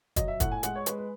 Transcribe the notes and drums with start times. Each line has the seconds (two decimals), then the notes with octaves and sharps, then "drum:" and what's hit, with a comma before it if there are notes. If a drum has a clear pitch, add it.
0.16 F#3 D#5, drum: kick, hi-hat
0.28 E5
0.40 A2 F#5, drum: kick, hi-hat
0.52 G#5
0.63 G#3 F#5, drum: hi-hat
0.75 C#5
0.86 G#3 B4, drum: hi-hat
0.98 B4